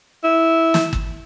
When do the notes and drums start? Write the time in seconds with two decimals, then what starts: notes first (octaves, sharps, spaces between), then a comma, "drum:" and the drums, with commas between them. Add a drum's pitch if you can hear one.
0.24 E4
0.74 drum: snare
0.93 drum: kick